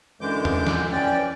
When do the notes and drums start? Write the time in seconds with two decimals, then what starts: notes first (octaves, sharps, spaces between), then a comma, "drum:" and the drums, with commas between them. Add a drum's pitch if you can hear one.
0.21 F#2 D3 E3 G#3 D6 G6
0.45 drum: tom
0.67 drum: snare
0.92 E3 C#4 D5 G5